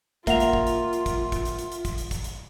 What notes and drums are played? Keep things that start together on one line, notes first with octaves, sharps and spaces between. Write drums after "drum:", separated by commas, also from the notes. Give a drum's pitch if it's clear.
A#3 F4 E5 F#5 F7, drum: kick, hi-hat
drum: hi-hat
drum: kick
drum: hi-hat
drum: hi-hat
drum: kick, hi-hat
drum: kick, hi-hat
drum: hi-hat
drum: hi-hat
drum: hi-hat
drum: kick, hi-hat
drum: hi-hat
drum: kick, hi-hat
drum: hi-hat